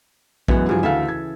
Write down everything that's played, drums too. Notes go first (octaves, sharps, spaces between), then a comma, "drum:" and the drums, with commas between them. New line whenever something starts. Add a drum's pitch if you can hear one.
F#2 E3 G#3 B3 F#5, drum: kick A#1
G2 C#3 F3 F#3 G#4
D2 A4 E5 F5
G#6